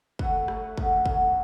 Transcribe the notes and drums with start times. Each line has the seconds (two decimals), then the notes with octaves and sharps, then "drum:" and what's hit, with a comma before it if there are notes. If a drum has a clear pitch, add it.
0.19 A2 A3 F#5, drum: kick
0.48 A2 A3, drum: rim click
0.78 C#3 F#3 A3, drum: kick
1.06 C#3 F#3 A3, drum: kick